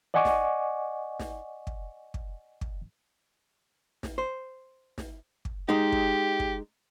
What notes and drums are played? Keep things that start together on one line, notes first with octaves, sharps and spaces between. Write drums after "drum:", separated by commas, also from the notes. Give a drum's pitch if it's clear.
D5 D#5 F#5 G#5 C#6 D6
drum: snare
drum: snare
drum: kick
drum: kick
drum: kick
drum: snare
C5
drum: snare
drum: kick
G#3 D#4 G4
drum: kick
drum: kick